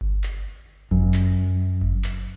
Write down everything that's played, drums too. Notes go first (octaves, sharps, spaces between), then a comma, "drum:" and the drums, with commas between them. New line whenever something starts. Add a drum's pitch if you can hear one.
drum: kick G1
drum: clap
F#2, drum: kick G1
drum: clap
drum: kick G1
drum: clap